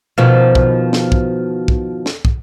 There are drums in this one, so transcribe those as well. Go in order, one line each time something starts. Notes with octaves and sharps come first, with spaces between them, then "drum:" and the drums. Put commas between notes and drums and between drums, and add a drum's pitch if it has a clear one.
B2 D#3 F3
drum: kick
drum: snare
drum: kick
drum: kick
drum: snare
drum: kick